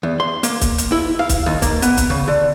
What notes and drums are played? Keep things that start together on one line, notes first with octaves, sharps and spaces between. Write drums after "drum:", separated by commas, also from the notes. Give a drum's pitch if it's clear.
E2
C6
A#3, drum: hi-hat
drum: kick, hi-hat
drum: hi-hat
E4
F5
drum: kick, hi-hat
D#2
A#3, drum: kick, hi-hat
B3, drum: hi-hat
drum: kick, hi-hat
C#3
D3